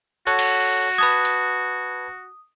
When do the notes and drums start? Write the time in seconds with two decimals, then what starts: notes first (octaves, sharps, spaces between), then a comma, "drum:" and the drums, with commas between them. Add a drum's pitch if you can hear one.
0.27 F#4 A4 C#5 F#5
0.39 drum: cymbal
0.98 B4 A5 D#6 G#6
1.25 drum: hi-hat